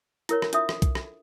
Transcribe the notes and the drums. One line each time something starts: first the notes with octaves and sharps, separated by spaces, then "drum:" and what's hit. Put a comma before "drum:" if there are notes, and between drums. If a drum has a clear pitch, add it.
E4 A#4 C#5, drum: hi-hat
drum: rim click
D4 F4 E5 D#6, drum: hi-hat
drum: rim click
drum: kick, hi-hat
drum: rim click